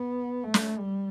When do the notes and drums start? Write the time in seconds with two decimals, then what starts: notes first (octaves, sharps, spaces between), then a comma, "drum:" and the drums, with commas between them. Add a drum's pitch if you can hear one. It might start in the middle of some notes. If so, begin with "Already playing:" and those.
Already playing: B3
0.44 A3
0.54 drum: snare
0.79 G3